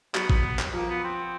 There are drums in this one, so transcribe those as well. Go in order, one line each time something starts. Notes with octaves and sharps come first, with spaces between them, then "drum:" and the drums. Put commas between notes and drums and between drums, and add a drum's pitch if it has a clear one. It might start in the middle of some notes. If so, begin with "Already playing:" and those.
F#3 B3, drum: clap
B3, drum: kick G#1
drum: clap
F3 A#3
B3
C4